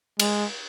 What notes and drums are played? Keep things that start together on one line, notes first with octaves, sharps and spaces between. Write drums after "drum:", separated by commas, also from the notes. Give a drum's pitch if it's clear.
G#3, drum: cymbal